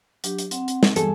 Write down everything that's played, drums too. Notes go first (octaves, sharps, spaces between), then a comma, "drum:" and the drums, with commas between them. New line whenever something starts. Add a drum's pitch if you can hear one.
F#3 D4 G4, drum: hi-hat
drum: hi-hat
C4 F#5, drum: hi-hat
drum: hi-hat
drum: snare
E2 G2 G#4 A4 G#5, drum: hi-hat